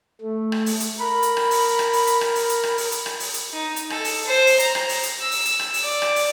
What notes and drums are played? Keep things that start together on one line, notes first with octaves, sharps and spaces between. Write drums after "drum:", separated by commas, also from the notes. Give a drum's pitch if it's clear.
A3
drum: rim click
drum: open hi-hat
drum: hi-hat
A#4 B5
drum: hi-hat
drum: rim click
drum: open hi-hat
drum: rim click
drum: open hi-hat
drum: hi-hat
drum: rim click
drum: open hi-hat
drum: hi-hat
drum: rim click
drum: open hi-hat
drum: hi-hat
drum: rim click
drum: open hi-hat
drum: hi-hat
D#4
drum: hi-hat
A4, drum: rim click
drum: open hi-hat
C5
drum: open hi-hat
A#5, drum: hi-hat
drum: rim click
drum: open hi-hat
drum: hi-hat
E6
drum: open hi-hat
drum: hi-hat
drum: rim click
drum: open hi-hat
D5
drum: rim click
drum: open hi-hat